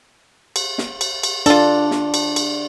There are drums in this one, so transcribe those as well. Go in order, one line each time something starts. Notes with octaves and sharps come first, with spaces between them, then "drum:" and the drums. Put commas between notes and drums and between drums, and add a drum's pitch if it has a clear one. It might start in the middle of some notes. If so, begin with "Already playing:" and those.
drum: cymbal
drum: snare
drum: cymbal
drum: cymbal
D4 F4 A4, drum: cymbal
drum: snare
drum: cymbal
drum: cymbal